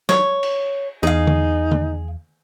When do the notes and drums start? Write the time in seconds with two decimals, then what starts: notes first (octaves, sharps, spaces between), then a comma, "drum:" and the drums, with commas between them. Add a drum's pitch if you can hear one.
0.09 C#5, drum: snare
0.43 drum: cymbal
1.03 E2 D#4 G#4 F5
1.27 drum: tom D3
1.71 drum: tom D3